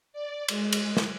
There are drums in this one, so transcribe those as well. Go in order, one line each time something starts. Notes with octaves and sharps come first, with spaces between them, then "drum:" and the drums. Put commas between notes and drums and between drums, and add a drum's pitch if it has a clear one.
D5
G#3, drum: cymbal
drum: cymbal
drum: snare